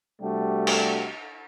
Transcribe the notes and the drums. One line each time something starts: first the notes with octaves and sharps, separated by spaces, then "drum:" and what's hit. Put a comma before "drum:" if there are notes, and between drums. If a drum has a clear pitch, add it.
C3 G3 A3 D4 F#4 G4
drum: cymbal